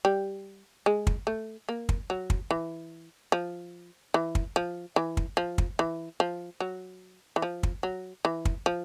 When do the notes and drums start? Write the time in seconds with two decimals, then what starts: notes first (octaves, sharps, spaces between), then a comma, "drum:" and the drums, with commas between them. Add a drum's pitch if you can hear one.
0.05 G3
0.86 G#3
1.07 drum: kick
1.27 A3
1.69 A#3
1.89 drum: kick
2.10 F#3
2.30 drum: kick
2.51 E3
3.32 F3
4.14 E3
4.35 drum: kick
4.56 F3
4.96 E3
5.17 drum: kick
5.37 F3
5.58 drum: kick
5.79 E3
6.20 F3
6.60 F#3
7.36 E3
7.42 F3
7.63 drum: kick
7.83 F#3
8.25 E3
8.45 drum: kick
8.66 F3